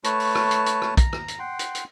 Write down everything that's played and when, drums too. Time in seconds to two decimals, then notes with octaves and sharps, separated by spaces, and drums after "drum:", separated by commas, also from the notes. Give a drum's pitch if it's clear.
0.04 A3 B4 C#5 A5, drum: hi-hat
0.20 drum: open hi-hat
0.35 drum: rim click
0.51 drum: hi-hat
0.66 drum: hi-hat
0.82 drum: rim click
0.97 A#5, drum: kick, hi-hat
1.13 drum: rim click
1.28 drum: hi-hat
1.39 F#5 G5 C6
1.59 drum: hi-hat
1.75 drum: hi-hat